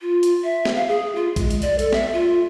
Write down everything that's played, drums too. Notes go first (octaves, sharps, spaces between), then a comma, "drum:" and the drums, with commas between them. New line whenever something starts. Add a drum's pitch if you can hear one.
F4
drum: hi-hat
E5
drum: snare
F5
G#4
F4
G#3, drum: kick A#1, hi-hat
drum: hi-hat
D5, drum: hi-hat
A4, drum: hi-hat
E5, drum: snare
F4